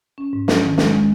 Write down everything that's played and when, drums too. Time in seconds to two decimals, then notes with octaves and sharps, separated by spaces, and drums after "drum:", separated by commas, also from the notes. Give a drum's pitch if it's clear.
0.18 C#4
0.33 G#2
0.48 C#4, drum: snare
0.63 D#3
0.78 G#3, drum: snare
0.94 G#3